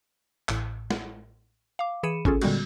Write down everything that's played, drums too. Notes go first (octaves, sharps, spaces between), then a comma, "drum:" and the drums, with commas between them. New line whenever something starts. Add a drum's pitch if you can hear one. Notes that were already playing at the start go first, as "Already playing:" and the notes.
A1 A2, drum: clap
drum: snare
F5 D6
E3 G#4 B5 C#7 D#7 E7
G1 C#4 F4 G#4 A4, drum: kick
A#2 D3 G3 G#3 B3 F#4, drum: cymbal